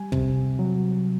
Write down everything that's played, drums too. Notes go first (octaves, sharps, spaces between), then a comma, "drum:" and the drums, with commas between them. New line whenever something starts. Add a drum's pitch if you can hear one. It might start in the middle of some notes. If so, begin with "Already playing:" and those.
Already playing: G3 G#5
C3, drum: kick
F#3